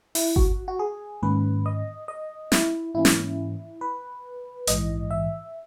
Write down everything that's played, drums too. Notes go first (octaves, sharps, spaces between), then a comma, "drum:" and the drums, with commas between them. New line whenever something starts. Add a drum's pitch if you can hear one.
E4, drum: open hi-hat
F#4, drum: kick G1
F#4
G#4
G#2 D#3 A#3 C#4 B4
D#5
D#5
E4, drum: snare
G#2 E3 A#3 C#4 E4
drum: snare
B4
A#1 G#2 E3 D#5, drum: hi-hat
E5